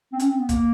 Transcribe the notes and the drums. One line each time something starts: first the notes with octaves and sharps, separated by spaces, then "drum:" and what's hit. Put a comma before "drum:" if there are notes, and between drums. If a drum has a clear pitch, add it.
C4
C#4, drum: hi-hat
C4
B3
A#3, drum: kick, hi-hat